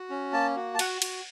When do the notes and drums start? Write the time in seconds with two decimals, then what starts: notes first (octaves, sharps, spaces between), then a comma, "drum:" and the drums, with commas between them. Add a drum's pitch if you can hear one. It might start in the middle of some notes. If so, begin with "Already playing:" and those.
Already playing: F#4
0.10 C#4
0.33 A#3 A5
0.56 F#4
0.75 A5
0.79 F#4 F#5, drum: cymbal
1.02 F#4, drum: cymbal